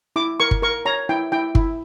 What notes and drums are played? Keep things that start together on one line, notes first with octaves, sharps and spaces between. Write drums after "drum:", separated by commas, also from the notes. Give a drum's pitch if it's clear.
E4 D6
A#4 C#6
drum: kick G1
A#4 C#6
C#5 A#5
E4 G5
E4 G5
E4, drum: kick G1